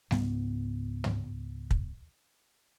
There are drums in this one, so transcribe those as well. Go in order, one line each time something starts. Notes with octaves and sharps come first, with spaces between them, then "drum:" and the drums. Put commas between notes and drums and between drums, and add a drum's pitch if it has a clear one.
C#2 G#2 B3, drum: snare
drum: tom
drum: kick